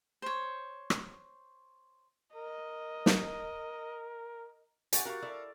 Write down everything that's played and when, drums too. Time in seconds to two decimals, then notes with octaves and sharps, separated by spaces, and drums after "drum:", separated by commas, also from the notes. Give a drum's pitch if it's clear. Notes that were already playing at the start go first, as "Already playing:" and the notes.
0.22 C5 C#5
0.90 drum: rim click
2.35 A#4 D#5
3.06 drum: snare
4.93 G4 F#5 G#5 C#6 A6, drum: hi-hat
5.05 F#4 G4 A#4 F5 C#6
5.22 E4 A4 D5